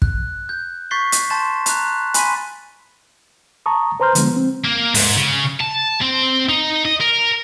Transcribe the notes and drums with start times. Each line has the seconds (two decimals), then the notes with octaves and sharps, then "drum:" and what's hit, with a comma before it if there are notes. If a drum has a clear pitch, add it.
0.02 F#6, drum: kick
0.49 G6
0.91 C#6 G6 A6 B6 C7 G7
1.12 drum: hi-hat
1.30 A5 C6 G6 A6 E7
1.66 A#5 F#6, drum: hi-hat
2.14 G#5 B5 C6 B6 D#7, drum: hi-hat
3.66 A5 A#5 C#6 D#6
4.00 B4 C5 A#5 C6 F6 G6
4.15 D3 F3 G#3 B3, drum: hi-hat
4.36 C4
4.65 A#3
4.95 G#2, drum: open hi-hat
5.16 C#3
5.60 A5
6.02 C4
6.49 D#4
6.85 D#5
7.00 A#4